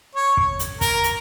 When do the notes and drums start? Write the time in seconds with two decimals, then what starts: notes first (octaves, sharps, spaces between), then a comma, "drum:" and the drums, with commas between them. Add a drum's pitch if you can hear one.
0.15 C#5
0.37 drum: kick
0.59 drum: hi-hat
0.81 A#4, drum: kick, hi-hat
1.03 drum: hi-hat